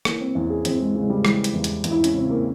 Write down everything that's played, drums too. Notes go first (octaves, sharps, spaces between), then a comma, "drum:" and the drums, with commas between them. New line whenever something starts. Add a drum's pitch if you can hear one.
E3 A#3, drum: rim click
C4
E2 C#4
G#4
E2 C4, drum: hi-hat
G#3
C#3 G#3
G3
E3 G3, drum: rim click
drum: hi-hat
E2
drum: hi-hat
E2, drum: hi-hat
E4
C#4, drum: hi-hat
C#3 C4
A#3